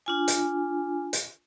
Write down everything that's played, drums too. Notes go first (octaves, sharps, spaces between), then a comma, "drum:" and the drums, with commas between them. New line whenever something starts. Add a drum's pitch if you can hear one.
D4 F4 G#5
drum: hi-hat
drum: hi-hat